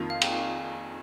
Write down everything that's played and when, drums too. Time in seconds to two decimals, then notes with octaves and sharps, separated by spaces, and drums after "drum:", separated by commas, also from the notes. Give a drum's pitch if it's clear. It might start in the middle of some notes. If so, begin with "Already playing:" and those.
Already playing: F2 D#3 A#3 F4
0.10 F5
0.22 G5, drum: cymbal
0.33 F5